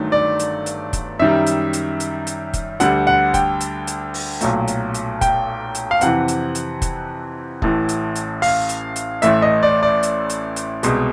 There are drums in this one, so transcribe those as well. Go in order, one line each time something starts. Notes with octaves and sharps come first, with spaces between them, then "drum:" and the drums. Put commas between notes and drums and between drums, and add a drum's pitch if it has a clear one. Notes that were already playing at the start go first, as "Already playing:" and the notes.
Already playing: G1 G2 D#3 F#3 A3
D5
drum: hi-hat
drum: hi-hat
drum: kick, hi-hat
F#2 D#3 G3 E5
drum: hi-hat
drum: hi-hat
drum: hi-hat
drum: hi-hat
drum: kick, hi-hat
D2 D3 G3 F#5, drum: hi-hat
F#5
G5, drum: kick, hi-hat
drum: hi-hat
drum: hi-hat
drum: open hi-hat
B1 A#2 F#3 A3, drum: hi-hat
drum: hi-hat
drum: hi-hat
G5, drum: kick, hi-hat
drum: hi-hat
F5
F2 C3 E3 F#5, drum: hi-hat
drum: hi-hat
drum: hi-hat
drum: kick, hi-hat
A1 A2 E3, drum: kick
drum: hi-hat
drum: hi-hat
F5, drum: open hi-hat
drum: hi-hat
drum: hi-hat
A1 A2 E3 A3 E5, drum: hi-hat
D#5
D5
D5
drum: hi-hat
drum: hi-hat
drum: hi-hat
C2 B2 G#3, drum: hi-hat